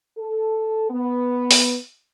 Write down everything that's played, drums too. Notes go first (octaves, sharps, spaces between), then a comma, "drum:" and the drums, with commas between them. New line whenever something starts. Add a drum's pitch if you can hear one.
A4
B3
drum: open hi-hat